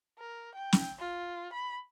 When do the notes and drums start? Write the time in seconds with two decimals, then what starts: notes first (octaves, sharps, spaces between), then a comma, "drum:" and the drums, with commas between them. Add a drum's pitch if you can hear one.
0.19 A#4
0.55 G5
0.73 drum: snare
0.99 F4
1.53 B5